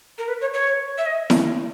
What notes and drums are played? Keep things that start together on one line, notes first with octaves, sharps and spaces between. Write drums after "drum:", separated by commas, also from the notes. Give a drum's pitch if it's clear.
A#4
B4
C#5
C#5
E5
D#5
drum: snare E4